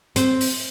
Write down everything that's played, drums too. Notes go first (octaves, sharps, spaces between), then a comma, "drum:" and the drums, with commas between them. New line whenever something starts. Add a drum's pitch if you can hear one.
C4, drum: hi-hat
drum: open hi-hat